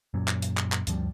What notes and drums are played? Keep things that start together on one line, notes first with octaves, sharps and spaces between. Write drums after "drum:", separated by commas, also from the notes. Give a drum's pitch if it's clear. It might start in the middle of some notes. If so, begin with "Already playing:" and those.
F#2 A#2 F#3
drum: clap
drum: hi-hat
drum: clap
drum: clap
D2 G2 F3 G3, drum: hi-hat